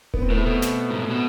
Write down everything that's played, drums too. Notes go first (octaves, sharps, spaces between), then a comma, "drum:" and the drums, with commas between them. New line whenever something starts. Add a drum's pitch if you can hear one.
B3, drum: kick D#1
C4
A2 B3
A3
B2
drum: snare
G#2
A2
B2